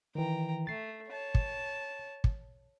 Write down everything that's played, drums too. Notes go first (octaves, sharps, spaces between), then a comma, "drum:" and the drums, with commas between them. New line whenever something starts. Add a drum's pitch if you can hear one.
D#3 E3 G5 A#5
A3 A6 C7
C#5 A5
drum: kick
drum: kick